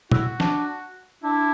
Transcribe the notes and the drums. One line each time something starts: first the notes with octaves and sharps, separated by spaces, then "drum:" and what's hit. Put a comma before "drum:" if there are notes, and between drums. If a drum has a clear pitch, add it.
E4 F#4, drum: tom
D4, drum: snare
D4 E4